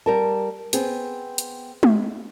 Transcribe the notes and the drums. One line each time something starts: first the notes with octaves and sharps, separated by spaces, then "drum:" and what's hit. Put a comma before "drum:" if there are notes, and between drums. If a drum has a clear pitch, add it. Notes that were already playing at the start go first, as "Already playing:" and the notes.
G3 A#4 A5
B3 C4 G#4, drum: hi-hat
drum: hi-hat
drum: tom G#3